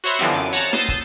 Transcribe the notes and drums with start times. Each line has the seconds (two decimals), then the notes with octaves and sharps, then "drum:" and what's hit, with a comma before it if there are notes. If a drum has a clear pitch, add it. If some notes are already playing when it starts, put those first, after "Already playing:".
0.04 F#4 C5 C#5 E5 F#5 B5
0.19 D3 E3 F3 G3 B3 C4
0.33 F#2 D6 D#7
0.53 C#5 F#5 A5 A#5
0.73 A5 C6 D#6 E6 G6 A6, drum: snare
0.89 drum: kick